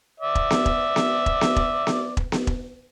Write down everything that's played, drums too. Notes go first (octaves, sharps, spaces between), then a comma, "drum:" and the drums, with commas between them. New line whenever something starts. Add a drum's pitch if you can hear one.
D5 E5
drum: kick E1
drum: snare B3
drum: kick E1
drum: snare B3
drum: kick E1
drum: snare B3
drum: kick E1
drum: snare B3
drum: kick E1
drum: snare B3
drum: kick E1